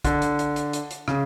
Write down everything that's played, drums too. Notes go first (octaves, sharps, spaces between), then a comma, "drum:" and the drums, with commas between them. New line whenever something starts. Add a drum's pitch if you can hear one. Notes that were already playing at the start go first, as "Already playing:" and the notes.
D3, drum: kick, hi-hat
drum: hi-hat
drum: hi-hat
drum: hi-hat
drum: hi-hat
drum: hi-hat
C#3, drum: rim click